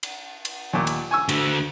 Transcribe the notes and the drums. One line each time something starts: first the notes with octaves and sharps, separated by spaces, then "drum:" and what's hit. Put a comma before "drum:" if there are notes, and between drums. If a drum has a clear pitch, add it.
drum: cymbal
drum: cymbal
D#2 A#2
drum: cymbal
G#5 C#6 E6
D3 F#4, drum: cymbal